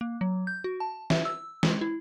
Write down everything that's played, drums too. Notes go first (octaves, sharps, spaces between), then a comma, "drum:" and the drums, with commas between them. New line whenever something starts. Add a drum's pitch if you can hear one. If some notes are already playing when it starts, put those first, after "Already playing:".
A#3
F#3
G6
F#4
A5
E5, drum: snare
E6
G#3, drum: snare
E4